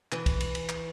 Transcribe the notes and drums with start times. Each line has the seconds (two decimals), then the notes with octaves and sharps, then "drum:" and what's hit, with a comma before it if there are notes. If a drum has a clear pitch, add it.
0.12 E3, drum: clap
0.26 drum: kick, cymbal
0.40 drum: cymbal
0.55 drum: cymbal
0.69 drum: clap